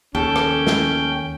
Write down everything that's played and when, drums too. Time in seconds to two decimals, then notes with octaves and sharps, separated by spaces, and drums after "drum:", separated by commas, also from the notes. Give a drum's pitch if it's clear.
0.15 D#2 C#4 A4 G5
0.36 drum: rim click
0.67 drum: snare